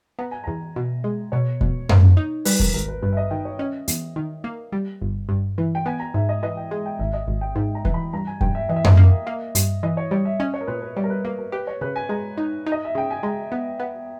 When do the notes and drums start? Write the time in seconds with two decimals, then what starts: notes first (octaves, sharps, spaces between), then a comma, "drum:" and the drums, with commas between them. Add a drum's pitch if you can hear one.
0.19 B3 A#5
0.31 G#5
0.44 E2 A#5
0.76 B2
1.04 G#3
1.32 B2 C#5
1.61 B2, drum: kick E2
1.89 A#3, drum: tom F#2
2.17 D#4
2.45 G3 B4, drum: open hi-hat
2.60 A#4, drum: kick E2
2.74 G#1 A#4
2.88 B4
3.02 G2 B4
3.13 E5
3.17 D#5
3.31 D#3 G5
3.45 C#5
3.59 C#4 D#5
3.88 E2, drum: hi-hat
4.16 D#3
4.44 A#3
4.72 G3
5.01 G1
5.29 G2
5.58 E3
5.75 G5
5.86 B3 G#5
6.00 A#5
6.14 G#2 E5
6.29 D#5
6.43 E3 D#5
6.57 G5
6.71 G#3
6.86 G5
6.99 G#1 E5
7.13 D#5
7.28 G#1
7.41 G5
7.56 G#2
7.75 A#5
7.85 E3, drum: kick E2
7.94 B5
8.13 G2 A#5
8.27 G#5
8.41 G2 G5, drum: kick E2
8.55 E5
8.69 E3 D#5
8.76 E5
8.84 D#5, drum: tom F#2
8.97 A#3
9.27 A#3
9.55 G2, drum: hi-hat
9.83 E3 D#5
9.97 C#5
10.11 G3 C#5
10.25 E5
10.40 C#4 D#5
10.54 C#5
10.61 A#4
10.67 A#2 B4
10.82 B4
10.97 G3 C#5
11.04 A#4
11.10 B4
11.25 A#3 B4
11.39 A#4
11.52 G4 B4
11.67 C#5
11.81 C#3 B4
11.96 G#5
12.09 G#3 A#5
12.38 D#4
12.66 D#4
12.72 D#5
12.85 E5
12.95 C#3 G5
13.11 G#5
13.23 G#3 A#5
13.52 B3
13.80 B3